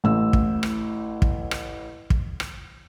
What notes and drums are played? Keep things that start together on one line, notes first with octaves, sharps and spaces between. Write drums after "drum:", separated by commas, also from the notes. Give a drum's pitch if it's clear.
A1 A2 E6
drum: kick
drum: rim click
drum: kick
drum: rim click
drum: kick
drum: rim click